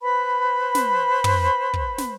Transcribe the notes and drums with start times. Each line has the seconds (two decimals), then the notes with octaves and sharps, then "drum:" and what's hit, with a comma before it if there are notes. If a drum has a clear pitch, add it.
0.01 B4 C5 B5
0.75 drum: snare
1.24 drum: tom
1.74 drum: kick
1.98 drum: snare